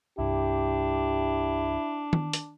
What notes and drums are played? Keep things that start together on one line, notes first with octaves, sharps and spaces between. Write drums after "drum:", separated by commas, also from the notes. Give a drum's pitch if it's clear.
C2 G2 D4 E4 G4
drum: tom D#3
drum: hi-hat